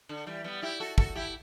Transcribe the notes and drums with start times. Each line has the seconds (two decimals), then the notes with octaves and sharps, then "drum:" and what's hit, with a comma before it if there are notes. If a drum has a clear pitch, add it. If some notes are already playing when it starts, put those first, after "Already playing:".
0.09 D3
0.27 E3 G3
0.44 G3 B3
0.62 E4 G4
0.80 F#4 A4
0.98 F#4 A4, drum: kick
1.15 E4 G4